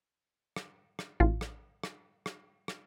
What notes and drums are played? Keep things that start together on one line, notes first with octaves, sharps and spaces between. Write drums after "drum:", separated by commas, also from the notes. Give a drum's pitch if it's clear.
drum: rim click
drum: rim click
A1 F4
drum: rim click
drum: rim click
drum: rim click
drum: rim click